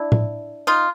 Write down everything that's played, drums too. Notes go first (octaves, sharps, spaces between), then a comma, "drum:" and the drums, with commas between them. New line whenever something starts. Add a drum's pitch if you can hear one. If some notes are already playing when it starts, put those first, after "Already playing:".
Already playing: D4 E4
drum: tom A2
D#4 F4